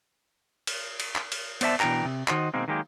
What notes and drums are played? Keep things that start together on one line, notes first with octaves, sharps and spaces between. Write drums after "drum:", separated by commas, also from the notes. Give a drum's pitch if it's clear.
drum: cymbal
drum: cymbal
drum: clap
drum: cymbal
B3 C5 D5 E5 A5, drum: cymbal
B2 E3 D4 G5 A#5, drum: clap
C3
D#3 F#4 C5 D#5, drum: clap
B2 D#3 G#3 A#3 C4
D#3 F#3 G#3 A#3 G4